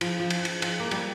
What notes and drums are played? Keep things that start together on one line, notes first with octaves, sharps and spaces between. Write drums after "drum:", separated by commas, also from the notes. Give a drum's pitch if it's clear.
F3, drum: cymbal
F3
drum: cymbal
drum: cymbal
F3, drum: cymbal
A#3
G3, drum: cymbal